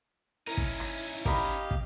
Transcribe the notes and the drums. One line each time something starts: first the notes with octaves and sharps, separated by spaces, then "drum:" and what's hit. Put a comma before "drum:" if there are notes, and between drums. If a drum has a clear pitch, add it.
C#4 D#4 E4 A#4
drum: kick
drum: rim click
G4 A#4 D#5 F5 B5, drum: kick
drum: kick